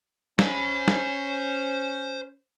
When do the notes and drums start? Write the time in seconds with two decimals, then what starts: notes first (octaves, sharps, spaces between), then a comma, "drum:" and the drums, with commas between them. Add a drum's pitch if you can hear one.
0.39 C#4 C5 B5, drum: snare
0.88 drum: snare